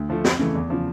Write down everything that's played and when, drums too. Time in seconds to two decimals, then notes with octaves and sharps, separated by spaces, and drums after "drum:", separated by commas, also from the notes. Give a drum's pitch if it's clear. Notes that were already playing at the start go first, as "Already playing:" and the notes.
Already playing: D2
0.09 D3 F3 A3
0.24 F2, drum: snare
0.39 C#3 E3 A3
0.55 E2
0.70 C#3 F3